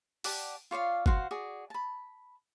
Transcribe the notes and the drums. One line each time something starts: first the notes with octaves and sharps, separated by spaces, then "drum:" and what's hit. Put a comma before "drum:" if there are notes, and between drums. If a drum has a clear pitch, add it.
G4 D5 F#5 A5, drum: open hi-hat
F4 C#5 D5 F5
F#4 C5 F5 F#5, drum: kick
F#4 G#4 D5
A5 B5